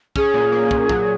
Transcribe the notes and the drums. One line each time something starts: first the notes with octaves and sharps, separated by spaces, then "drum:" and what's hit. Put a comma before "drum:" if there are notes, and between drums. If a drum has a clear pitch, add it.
C#4 G#4, drum: kick
A#2
A#3
A#2, drum: kick
F#3, drum: kick